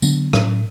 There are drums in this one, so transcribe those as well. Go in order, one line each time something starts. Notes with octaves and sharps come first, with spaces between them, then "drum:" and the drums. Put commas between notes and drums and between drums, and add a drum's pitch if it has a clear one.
D3 F#3 B3 D4, drum: tambourine
A2 F#3 C#4, drum: rim click